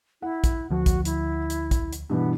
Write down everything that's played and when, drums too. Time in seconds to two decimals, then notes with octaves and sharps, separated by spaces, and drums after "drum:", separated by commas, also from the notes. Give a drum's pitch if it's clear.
0.22 E4 F#5
0.44 drum: kick, hi-hat
0.71 D2 F3 F#4
0.86 drum: kick, hi-hat
1.05 E4, drum: hi-hat
1.50 drum: hi-hat
1.71 drum: kick, hi-hat
1.93 drum: hi-hat
2.10 G2 B2 E3 B3